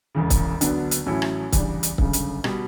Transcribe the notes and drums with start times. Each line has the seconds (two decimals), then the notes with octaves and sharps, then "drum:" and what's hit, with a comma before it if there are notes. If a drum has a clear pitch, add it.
0.15 E1 E2 C#3
0.30 drum: kick, hi-hat
0.61 D2 D3 F#3 B3 D4, drum: hi-hat
0.91 drum: hi-hat
1.06 A1 A2 F#3 C#4 E4
1.22 drum: rim click
1.52 E2 C#3 G3 D4, drum: kick, hi-hat
1.83 drum: hi-hat
1.98 G1 F#2 C#3, drum: kick
2.13 drum: hi-hat
2.44 B2 G3, drum: rim click